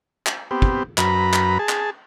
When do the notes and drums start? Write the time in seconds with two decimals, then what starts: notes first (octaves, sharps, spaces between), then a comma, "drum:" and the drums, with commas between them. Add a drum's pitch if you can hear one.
0.26 drum: clap
0.51 B3 C4 G4
0.62 drum: kick
0.98 F#2 B4 A#5 B5, drum: clap
1.33 drum: clap
1.59 G#4 A5
1.69 drum: clap